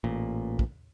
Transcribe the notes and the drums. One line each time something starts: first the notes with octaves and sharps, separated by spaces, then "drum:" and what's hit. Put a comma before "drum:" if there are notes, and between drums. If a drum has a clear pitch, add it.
A1 A#2
drum: kick